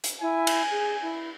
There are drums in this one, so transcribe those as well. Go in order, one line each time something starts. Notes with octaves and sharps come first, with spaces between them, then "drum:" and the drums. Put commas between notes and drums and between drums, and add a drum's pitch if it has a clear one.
drum: hi-hat
E4 G#5
drum: cymbal
G#4
E4